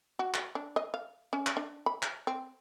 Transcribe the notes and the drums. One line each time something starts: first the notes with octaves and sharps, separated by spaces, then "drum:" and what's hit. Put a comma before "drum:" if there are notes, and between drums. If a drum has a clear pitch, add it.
F#4
drum: clap
D4
D#5
F5
C#4
drum: clap
D4
B5
drum: clap
C4